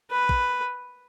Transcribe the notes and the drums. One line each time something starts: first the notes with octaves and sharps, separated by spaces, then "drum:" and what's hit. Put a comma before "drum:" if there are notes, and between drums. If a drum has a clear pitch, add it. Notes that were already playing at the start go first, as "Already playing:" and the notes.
B4
drum: kick